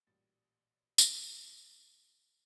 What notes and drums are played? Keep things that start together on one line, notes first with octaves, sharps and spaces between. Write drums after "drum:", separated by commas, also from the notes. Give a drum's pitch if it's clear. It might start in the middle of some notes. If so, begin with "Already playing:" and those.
A1 A#2 G3 F#4 A6
drum: tambourine